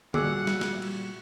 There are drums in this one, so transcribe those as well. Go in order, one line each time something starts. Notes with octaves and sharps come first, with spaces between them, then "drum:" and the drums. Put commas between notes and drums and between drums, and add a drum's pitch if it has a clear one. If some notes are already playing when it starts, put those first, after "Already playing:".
A#2 G3 F#4 G#4 F#5 D6 E6, drum: tom D3
drum: snare
drum: snare
drum: cymbal